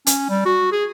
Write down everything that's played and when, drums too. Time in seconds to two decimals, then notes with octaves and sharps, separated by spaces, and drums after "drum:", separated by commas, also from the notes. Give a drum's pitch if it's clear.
0.07 C#4, drum: hi-hat
0.29 G3
0.45 F#4
0.72 G#4